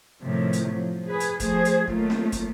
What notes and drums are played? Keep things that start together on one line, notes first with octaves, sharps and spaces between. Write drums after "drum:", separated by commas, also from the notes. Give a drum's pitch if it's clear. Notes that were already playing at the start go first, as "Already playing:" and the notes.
A2 C3 D#3 F3
drum: hi-hat
F3 F#3
G#4 B4
drum: hi-hat
F3 A3 G#4 C5, drum: kick, hi-hat
drum: hi-hat
D#3 F#3 A3 A#3 F4, drum: kick
drum: snare C4
drum: kick, hi-hat